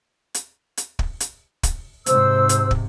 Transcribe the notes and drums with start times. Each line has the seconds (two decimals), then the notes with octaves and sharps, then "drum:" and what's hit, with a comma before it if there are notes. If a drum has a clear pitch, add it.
0.34 drum: hi-hat
0.77 drum: hi-hat
0.99 drum: kick
1.20 drum: hi-hat
1.63 drum: kick, hi-hat
2.06 G#2 C3 C5 E6, drum: hi-hat
2.49 drum: hi-hat
2.71 drum: kick